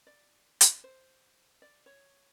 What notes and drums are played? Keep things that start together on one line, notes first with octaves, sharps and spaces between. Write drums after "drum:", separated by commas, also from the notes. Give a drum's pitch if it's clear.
D5
drum: hi-hat
C5
D5
C#5